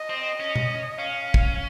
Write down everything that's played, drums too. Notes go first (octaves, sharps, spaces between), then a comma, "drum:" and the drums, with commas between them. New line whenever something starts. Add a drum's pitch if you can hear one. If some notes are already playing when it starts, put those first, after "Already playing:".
Already playing: D#5
C4
C#4
drum: tom B2
C#4 F5
drum: kick